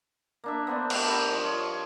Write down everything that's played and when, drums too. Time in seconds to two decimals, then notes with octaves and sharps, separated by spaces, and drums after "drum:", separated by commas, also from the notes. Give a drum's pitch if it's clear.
0.44 A#3 D4 E5
0.67 B3 C4 D4 C5
0.90 A3, drum: cymbal
1.03 G4 A#4 B4 E5
1.30 F3 C5 D#5
1.43 F4 C#5